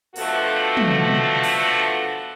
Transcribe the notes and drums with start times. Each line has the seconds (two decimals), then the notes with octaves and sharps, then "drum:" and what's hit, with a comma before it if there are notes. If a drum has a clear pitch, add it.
0.16 B2 F3 A3 D4 F#4 A4, drum: open hi-hat
0.77 drum: tom
1.44 drum: open hi-hat